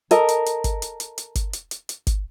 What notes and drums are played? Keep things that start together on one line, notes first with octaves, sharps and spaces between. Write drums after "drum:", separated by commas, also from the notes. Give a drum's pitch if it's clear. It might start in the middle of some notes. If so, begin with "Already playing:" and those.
A4 A#4 D#5, drum: hi-hat
drum: hi-hat
drum: hi-hat
drum: kick G1, hi-hat
drum: hi-hat
drum: hi-hat
drum: hi-hat
drum: kick G1, hi-hat
drum: hi-hat
drum: hi-hat
drum: hi-hat
drum: kick G1, hi-hat